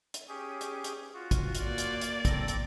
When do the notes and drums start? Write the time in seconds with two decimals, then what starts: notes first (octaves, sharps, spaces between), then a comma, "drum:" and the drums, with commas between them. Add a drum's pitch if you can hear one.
0.14 drum: hi-hat
0.29 C#4 G4 G#4
0.61 drum: hi-hat
0.84 drum: hi-hat
1.14 F4 F#4
1.31 drum: kick, hi-hat
1.55 drum: hi-hat
1.65 A#3 D5
1.78 drum: hi-hat
2.01 drum: hi-hat
2.25 C4 A4 A#6, drum: kick, hi-hat
2.48 drum: hi-hat